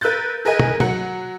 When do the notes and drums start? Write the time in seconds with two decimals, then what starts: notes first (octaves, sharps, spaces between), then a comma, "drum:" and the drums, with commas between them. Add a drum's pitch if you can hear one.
0.01 A#4 B4 E6 F#6 G6 A6
0.45 G#4 A#4 B4 D#5 G#5
0.59 drum: tom
0.80 F#3 F#5 C#7, drum: tom